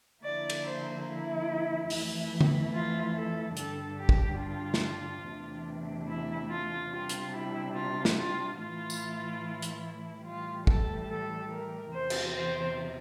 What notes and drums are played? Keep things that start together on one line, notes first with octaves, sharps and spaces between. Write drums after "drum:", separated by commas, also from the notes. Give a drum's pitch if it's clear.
D3 F3 A#3 E4 D5
drum: cymbal
C5
E4
F2 E3 A3 E4, drum: open hi-hat
drum: tom D3
F4
A4
G2 D3 G3 D4 A4, drum: hi-hat
G4
drum: kick
F4
drum: snare
E2 C3 E3 A3 D4
E4
F4
C3 G3 D4 F4
drum: hi-hat
E4
F4
drum: snare
F4
A2 E3 A3 E4 F4
drum: tambourine
drum: hi-hat
A2 E3 G3 F4
A4, drum: kick
A4
A#4
E2 C3 E3 C5
drum: cymbal
C5